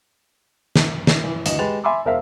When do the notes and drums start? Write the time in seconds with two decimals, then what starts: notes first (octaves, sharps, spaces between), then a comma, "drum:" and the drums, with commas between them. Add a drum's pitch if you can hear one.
0.76 drum: snare
1.07 drum: snare
1.24 E3
1.46 D2 E3 D#5 E7, drum: hi-hat
1.59 G#3 G4 B4 A6 F7
1.84 E5 G#5 B5 C6 D6 E6
2.06 E1 A#4 C5 E5 F5